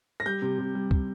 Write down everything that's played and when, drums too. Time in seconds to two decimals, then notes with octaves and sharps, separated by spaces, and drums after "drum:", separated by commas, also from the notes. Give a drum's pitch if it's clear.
0.20 A#6
0.26 G3 G6
0.42 C3
0.58 C3
0.75 G3
0.91 G3, drum: kick